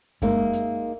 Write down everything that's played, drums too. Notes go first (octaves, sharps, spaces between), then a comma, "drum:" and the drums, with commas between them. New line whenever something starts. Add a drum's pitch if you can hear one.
G#3 A#3 D#4 E5, drum: kick F#2
drum: hi-hat